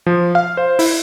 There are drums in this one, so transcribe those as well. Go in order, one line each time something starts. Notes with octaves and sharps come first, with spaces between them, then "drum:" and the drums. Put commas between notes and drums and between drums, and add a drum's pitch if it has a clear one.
F3
F5
C5
E4, drum: open hi-hat